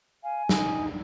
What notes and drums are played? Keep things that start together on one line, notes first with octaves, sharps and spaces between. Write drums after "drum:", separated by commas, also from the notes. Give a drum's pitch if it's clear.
F5 G#5
D#4, drum: snare